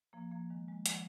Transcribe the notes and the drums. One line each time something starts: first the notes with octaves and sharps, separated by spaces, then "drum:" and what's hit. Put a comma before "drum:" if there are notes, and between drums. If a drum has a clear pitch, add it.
F3 A#3
F3 A#3
D#3 G#3
D#3 G#3
F3, drum: hi-hat